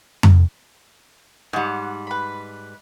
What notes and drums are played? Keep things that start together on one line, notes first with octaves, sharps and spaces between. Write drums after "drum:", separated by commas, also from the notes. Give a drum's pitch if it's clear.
drum: tom F2
G#2 G3 F#5
B4 B5